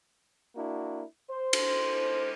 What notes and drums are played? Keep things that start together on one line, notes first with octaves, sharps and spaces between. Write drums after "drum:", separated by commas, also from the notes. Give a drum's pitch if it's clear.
A#3 D4 E4 F#4
C5
drum: cymbal